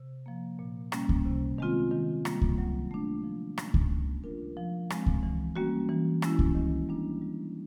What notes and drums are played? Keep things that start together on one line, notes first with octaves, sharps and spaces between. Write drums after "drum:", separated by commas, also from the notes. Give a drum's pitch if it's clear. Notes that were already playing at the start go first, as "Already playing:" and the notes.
Already playing: C3
F3 A#3
A#2
G3 A#3 C#4, drum: rim click
drum: kick C#2
C3
D#3 G#3 C4 F4
D#3
G3 A#3, drum: rim click
drum: kick C#2
F#3
A3 D4
F3
G#3 C#4, drum: rim click
drum: kick C#2
A#3
D4 F4 A#4
F3
G#3 C4, drum: rim click
drum: kick C#2
E3
G3 A#3 C#4 F#4
E3
G#3 C#4 E4, drum: rim click
drum: kick C#2
D#3
G3 A#3 D4
G3